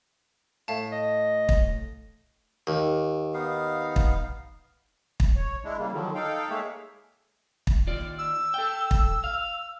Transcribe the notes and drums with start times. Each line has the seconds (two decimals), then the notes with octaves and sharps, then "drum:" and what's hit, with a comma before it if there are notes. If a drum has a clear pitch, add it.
0.68 A2 E5 F5 A5
0.92 D#5
1.49 drum: kick
2.67 D#2
3.34 B3 D#4 F5
3.96 drum: kick
5.20 drum: kick
5.36 C#5
5.65 G#3 D4 E4
5.79 C#3 G3 A#3
5.93 D3 D#3 F3 F#3
6.15 D#4 A4 F5 G5
6.50 G#3 A#3 G#4 C#5 E5
7.67 drum: kick
7.87 D#2 F4 D5
8.18 E6
8.54 A4 G5
8.91 drum: kick
9.24 F5